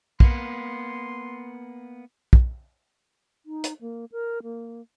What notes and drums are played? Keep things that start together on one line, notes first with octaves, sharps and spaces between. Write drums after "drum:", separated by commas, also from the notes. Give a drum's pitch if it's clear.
A#3 B3 C6, drum: kick
drum: kick
D#4
drum: hi-hat
A#3
A#4
A#3